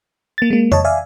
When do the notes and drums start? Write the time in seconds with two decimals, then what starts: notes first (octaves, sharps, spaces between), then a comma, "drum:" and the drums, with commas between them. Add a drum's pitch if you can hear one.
0.38 A#3 A6
0.50 G#3 A#3
0.72 C#5 D#5 A5, drum: tom F2
0.84 D5 E5 F5 G#5